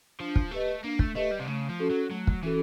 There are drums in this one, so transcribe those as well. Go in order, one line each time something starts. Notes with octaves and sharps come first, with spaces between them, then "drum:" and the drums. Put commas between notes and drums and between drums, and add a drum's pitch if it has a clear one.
F3 D4
drum: kick
A3 G4 B4 D#5
A#3 D4
A3, drum: kick
A3 G4 B4 D#5
G3
C3
C#3 A3
F3
C#4 F#4 A4
F#3
F#3 A3
drum: kick
E3 C#4 F#4 A4